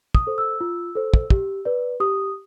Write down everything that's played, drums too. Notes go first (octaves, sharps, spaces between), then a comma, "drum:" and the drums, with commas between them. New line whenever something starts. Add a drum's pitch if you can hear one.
D#6, drum: kick
A4 C5
E6
F4
A4 C5
drum: kick
G4, drum: kick
B4 D5
G4 D#6